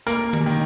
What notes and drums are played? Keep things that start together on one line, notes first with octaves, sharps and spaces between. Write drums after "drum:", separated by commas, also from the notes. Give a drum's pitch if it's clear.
A#3 A#4, drum: hi-hat
drum: tom D#3
D#3